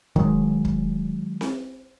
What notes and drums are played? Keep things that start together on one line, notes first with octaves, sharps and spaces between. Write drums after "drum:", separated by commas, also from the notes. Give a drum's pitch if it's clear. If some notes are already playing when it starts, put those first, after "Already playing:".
D#3 F#3 G#3, drum: kick
drum: kick
drum: snare C4